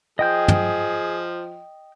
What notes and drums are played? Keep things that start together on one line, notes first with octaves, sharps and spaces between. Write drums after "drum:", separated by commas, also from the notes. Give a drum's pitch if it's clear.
F3 G#4 D#5 G5 G6
drum: tom